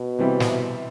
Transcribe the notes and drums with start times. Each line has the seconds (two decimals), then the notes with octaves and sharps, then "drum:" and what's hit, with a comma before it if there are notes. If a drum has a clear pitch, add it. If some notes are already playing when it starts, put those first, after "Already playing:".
Already playing: B2
0.18 C3 E3 G3 C4
0.40 drum: snare